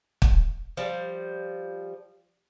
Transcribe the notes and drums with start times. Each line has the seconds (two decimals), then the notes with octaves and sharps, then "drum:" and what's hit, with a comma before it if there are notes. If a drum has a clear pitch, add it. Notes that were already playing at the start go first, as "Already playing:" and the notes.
0.22 drum: kick
0.77 F3 G3